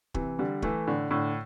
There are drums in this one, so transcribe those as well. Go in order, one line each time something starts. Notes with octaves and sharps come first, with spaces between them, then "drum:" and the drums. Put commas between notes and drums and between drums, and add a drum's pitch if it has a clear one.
C3 E3, drum: kick
D3 G3
E3 A3, drum: kick
A2 D3
A2 D3